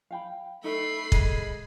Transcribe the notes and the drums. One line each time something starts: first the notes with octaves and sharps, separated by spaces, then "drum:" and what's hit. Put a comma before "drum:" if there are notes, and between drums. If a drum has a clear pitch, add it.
F5 G5 B5
A3 D#4 A4 B5 C7
G#3, drum: kick